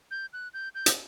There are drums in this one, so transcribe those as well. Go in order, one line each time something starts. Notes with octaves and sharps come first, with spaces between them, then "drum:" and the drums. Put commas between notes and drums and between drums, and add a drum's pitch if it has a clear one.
G6
F#6
G6
G6
drum: hi-hat